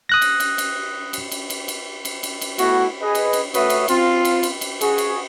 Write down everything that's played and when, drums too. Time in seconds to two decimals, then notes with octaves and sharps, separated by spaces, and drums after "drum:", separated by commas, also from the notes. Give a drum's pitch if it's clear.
0.09 D#6 F#6 A#6
0.22 drum: cymbal
0.40 drum: cymbal
0.58 drum: cymbal
1.13 drum: cymbal
1.32 drum: cymbal
1.50 drum: cymbal
1.68 drum: cymbal
2.05 drum: cymbal
2.23 drum: cymbal
2.41 drum: cymbal
2.58 A3 B3 E4 F#4, drum: cymbal
3.01 G#4 B4 D#5
3.15 drum: cymbal
3.33 drum: cymbal
3.54 A3 F#4 B4 C#5 E5 D#6, drum: cymbal
3.70 drum: cymbal
3.88 C4 F4, drum: cymbal
4.25 drum: cymbal
4.43 drum: cymbal
4.61 drum: cymbal
4.81 F#4 G#4, drum: cymbal
4.98 drum: cymbal